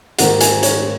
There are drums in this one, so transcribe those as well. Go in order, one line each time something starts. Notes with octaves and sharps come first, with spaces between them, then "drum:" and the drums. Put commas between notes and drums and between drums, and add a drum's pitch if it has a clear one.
G#2 D#3 A#3 F#5, drum: hi-hat
G#5, drum: hi-hat
C#5, drum: hi-hat